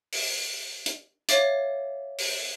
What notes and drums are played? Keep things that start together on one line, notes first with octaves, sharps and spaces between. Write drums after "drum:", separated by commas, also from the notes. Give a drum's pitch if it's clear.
drum: open hi-hat
drum: hi-hat
C#5 E5 F5 D6 A6, drum: hi-hat
drum: open hi-hat